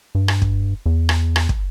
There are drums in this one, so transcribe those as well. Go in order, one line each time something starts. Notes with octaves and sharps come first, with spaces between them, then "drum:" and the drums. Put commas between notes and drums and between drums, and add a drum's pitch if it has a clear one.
G2
drum: rim click
drum: kick
E2
drum: rim click
drum: rim click
drum: kick